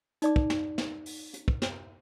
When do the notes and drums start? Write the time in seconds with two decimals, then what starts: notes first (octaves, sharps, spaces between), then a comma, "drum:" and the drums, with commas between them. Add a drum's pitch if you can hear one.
0.22 D#4 D5 D6, drum: hi-hat
0.36 drum: kick
0.50 drum: snare
0.78 drum: snare
1.06 drum: open hi-hat
1.34 drum: hi-hat
1.48 drum: kick
1.62 drum: snare